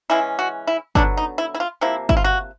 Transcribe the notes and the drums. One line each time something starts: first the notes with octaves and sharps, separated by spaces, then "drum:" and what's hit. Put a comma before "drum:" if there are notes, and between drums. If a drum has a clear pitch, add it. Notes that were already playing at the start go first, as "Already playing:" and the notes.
C#3 E3 G#3 C#4 E4
F#4
E4
D3 F#3 B3 D4, drum: kick G1
D#4
E4
E4
F4
C3 F3 A#3 E4
E4, drum: kick G1
F4
F#4